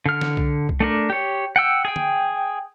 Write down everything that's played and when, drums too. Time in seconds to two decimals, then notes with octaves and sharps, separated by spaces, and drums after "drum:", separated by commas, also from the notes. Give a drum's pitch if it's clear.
0.06 D3 F6
0.21 drum: snare
0.37 drum: kick C2
0.69 drum: kick C2
0.80 A3 D4 A#4
1.10 G4 C#5
1.56 F#5 G5 E6
1.85 G#4 G5
1.96 drum: tom D3